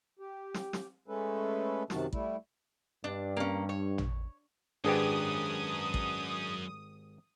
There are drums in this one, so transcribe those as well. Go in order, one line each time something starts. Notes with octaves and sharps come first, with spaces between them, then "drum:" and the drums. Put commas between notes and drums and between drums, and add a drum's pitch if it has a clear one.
G4
drum: snare
drum: snare
G#3 A3 C#4 A4 B4
F#2 C3 D#3 F#4 A5, drum: snare
G3 A3 E4, drum: kick
G2 D4
A#3 C#4
C#5
drum: tom
G#1 F#2 D4 G4 G#4 B4 D#6
drum: kick